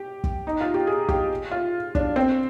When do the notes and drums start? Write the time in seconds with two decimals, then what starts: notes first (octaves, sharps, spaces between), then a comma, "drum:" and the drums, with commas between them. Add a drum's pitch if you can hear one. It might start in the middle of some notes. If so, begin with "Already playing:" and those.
Already playing: G4
0.24 drum: kick
0.47 D#4
0.61 F4
0.74 G4
0.87 G#4
1.09 G4, drum: kick
1.51 F4
1.95 D4, drum: kick
2.16 C4